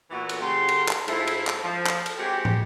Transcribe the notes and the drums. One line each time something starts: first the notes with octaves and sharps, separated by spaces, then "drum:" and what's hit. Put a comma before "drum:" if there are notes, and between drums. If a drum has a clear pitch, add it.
A#2 E3 B3 E4 F#4
drum: cymbal
C#3 F#3 G4 C6
drum: cymbal
drum: clap
G#2 F3 A3 E4, drum: cymbal
drum: cymbal
drum: clap
F3
drum: clap
drum: cymbal
G#3 C4 F#4 G4
drum: tom